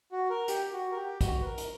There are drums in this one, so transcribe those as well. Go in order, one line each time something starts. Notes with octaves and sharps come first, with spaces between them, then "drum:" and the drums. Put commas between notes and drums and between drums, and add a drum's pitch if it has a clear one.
F#4
A#4
G4, drum: hi-hat
F#4
A#4
G4
F#4, drum: kick, hi-hat
B4
A#4
drum: hi-hat